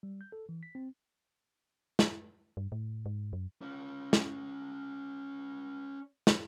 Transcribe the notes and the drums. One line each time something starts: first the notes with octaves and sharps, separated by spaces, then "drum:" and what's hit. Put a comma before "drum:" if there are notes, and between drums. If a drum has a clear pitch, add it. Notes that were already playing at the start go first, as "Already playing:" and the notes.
G3
G6
A4
E3
B6
C4
drum: snare
G2
A2
G#2
F#2
C#4 F4
drum: snare
drum: snare